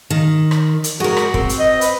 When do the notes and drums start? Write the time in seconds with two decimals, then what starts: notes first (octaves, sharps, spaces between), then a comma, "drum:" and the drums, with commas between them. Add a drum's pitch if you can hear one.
0.10 D#3
0.51 drum: rim click
0.84 drum: hi-hat
1.00 G#3 F#4 A#4
1.17 drum: rim click
1.34 C4, drum: kick
1.49 drum: hi-hat
1.59 D#5
1.81 B4, drum: hi-hat